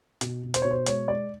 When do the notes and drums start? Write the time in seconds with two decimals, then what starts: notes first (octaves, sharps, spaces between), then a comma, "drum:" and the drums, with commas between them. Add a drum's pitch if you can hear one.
0.21 B2, drum: hi-hat
0.44 B2
0.54 C5, drum: hi-hat
0.62 B2 C#5
0.71 C5
0.86 G#3 C#5, drum: hi-hat
1.08 G#3 D5